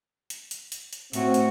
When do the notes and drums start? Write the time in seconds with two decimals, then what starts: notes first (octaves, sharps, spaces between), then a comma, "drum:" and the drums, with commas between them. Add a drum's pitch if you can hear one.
0.30 drum: hi-hat
0.51 drum: hi-hat
0.72 drum: hi-hat
0.93 drum: hi-hat
1.13 A2 C4 F#4, drum: hi-hat
1.34 drum: hi-hat